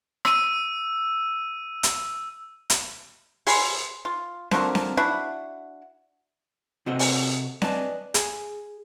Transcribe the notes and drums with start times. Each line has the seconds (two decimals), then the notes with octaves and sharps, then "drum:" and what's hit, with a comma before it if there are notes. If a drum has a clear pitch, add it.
0.25 E6 D#7, drum: rim click
1.83 drum: hi-hat
2.70 drum: hi-hat
3.47 G#4 B5 C6, drum: open hi-hat
4.05 F4
4.51 D3 F3 F#4 A#4, drum: snare C4
4.75 drum: snare C4
4.97 D4 E4 F#4 F#5
6.86 C3 C4 F#4 A4 D#5
6.99 drum: open hi-hat
7.62 B4 D5 D#5 G#5 A5, drum: snare C4
8.14 G#4, drum: hi-hat